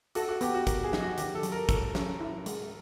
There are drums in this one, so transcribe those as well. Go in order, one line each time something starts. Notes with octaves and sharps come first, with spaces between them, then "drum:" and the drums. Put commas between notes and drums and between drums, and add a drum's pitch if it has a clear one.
F#4 A4, drum: hi-hat
F#4
B3 G4, drum: hi-hat
F#4
A#4, drum: kick, hi-hat
G#4
D#4, drum: snare
F#4
D#3 G4, drum: hi-hat
A4
F#3, drum: hi-hat
A#4
A4 A#4, drum: kick, hi-hat
C#4, drum: snare
E4
G#3, drum: hi-hat